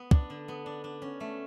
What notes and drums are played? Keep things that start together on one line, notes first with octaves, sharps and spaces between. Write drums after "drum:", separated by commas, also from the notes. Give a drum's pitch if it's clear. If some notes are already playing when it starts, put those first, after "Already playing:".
Already playing: B3
D4, drum: kick
D3
B3
D4
D4
C#4
A3